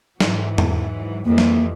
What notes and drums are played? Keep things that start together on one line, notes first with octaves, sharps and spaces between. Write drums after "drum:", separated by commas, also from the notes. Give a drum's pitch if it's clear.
G#2 E3 F#3, drum: snare
drum: tom E2
F2 E3 G3 A#3
drum: snare